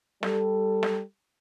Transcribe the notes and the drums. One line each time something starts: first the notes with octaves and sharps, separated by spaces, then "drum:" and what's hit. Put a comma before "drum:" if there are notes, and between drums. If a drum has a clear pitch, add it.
G3 A4, drum: snare
drum: snare